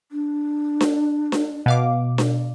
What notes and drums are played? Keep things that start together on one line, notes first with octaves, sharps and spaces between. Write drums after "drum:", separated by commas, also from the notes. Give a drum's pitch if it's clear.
D4
drum: snare D4
drum: snare D4
B2 F5 D6
drum: snare D4